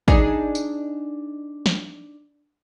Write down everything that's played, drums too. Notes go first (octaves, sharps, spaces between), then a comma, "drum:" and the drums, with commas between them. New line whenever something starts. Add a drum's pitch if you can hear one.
D4 D#4 G#4, drum: kick
drum: tambourine
drum: snare